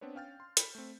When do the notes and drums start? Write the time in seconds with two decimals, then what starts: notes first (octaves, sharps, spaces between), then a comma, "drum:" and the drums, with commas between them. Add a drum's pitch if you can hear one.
0.01 B3 C4 D4 B4 C#5
0.15 C#4 F5 G5 F6 G6 A6
0.40 C6
0.57 B5 G6 B6 C#7, drum: hi-hat
0.75 A3 C4